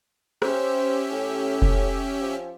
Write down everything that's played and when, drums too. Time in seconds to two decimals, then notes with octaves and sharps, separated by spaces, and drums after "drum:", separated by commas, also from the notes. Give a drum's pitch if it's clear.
0.42 C#4 G4 C5 E5, drum: rim click
1.11 A2
1.62 drum: kick F1
2.21 F3